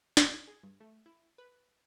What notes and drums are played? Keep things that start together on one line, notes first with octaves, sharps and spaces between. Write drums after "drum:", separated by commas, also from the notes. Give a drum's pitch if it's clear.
A#1, drum: snare
G#4
G2
A3
E4
B4